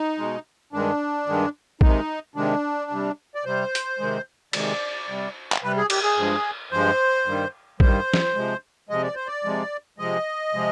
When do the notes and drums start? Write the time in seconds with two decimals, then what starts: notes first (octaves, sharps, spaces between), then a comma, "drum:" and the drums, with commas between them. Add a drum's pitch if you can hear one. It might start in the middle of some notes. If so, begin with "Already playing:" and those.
Already playing: D#4
0.18 B2 G#3
0.73 G2 D#3 G#3 D4
1.27 G2 D#3 G#3
1.81 C3 D#3 G#3 D#4, drum: kick
2.35 C3 D#3 G#3 D4
2.91 C3 G3
3.35 D5
3.45 C3 G3 C5
3.75 drum: hi-hat
3.99 C3 D#3 G#3
4.53 C3 D#3 G#3 D5, drum: cymbal
5.08 C3 G3
5.52 drum: clap
5.63 C3 G3 B4
5.77 G#4
5.90 G4, drum: cymbal
6.03 G#4
6.17 G2 F3 G#3
6.72 G2 F3 G#3 C5
7.26 G2 D#3 G3
7.80 G2 D#3 G3 C5, drum: kick
8.14 drum: snare
8.35 C3 F3 G#3
8.89 C3 F3 G#3 D#5
9.03 D5
9.15 C5
9.27 D5
9.44 C3 F3 G#3
9.98 C3 F3 G#3 D#5
10.53 C3 F3 G#3